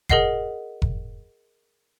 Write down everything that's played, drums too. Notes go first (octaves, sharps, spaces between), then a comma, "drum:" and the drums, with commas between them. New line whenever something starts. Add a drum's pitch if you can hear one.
G#4 A#4 D#5 F#5 C7, drum: kick F1
drum: kick F1